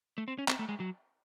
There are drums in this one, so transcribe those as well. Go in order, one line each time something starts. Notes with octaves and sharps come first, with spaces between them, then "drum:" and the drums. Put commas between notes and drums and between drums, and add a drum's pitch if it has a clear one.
A3
C4
C#4
C4, drum: clap
A3
G#3
F#3